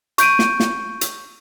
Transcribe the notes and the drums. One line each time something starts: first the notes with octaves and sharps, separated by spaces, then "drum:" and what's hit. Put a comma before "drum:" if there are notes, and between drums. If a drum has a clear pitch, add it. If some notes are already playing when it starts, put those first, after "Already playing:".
C#6 G6 D7 D#7, drum: hi-hat
drum: snare
drum: snare
drum: hi-hat